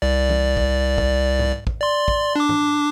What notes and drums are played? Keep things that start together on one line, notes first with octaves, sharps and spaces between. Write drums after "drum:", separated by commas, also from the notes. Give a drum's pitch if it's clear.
C2 D5
drum: tom E3
drum: kick
drum: kick
drum: tom G#2
drum: kick
D5 C6
drum: kick
D4 D6
drum: tom G#2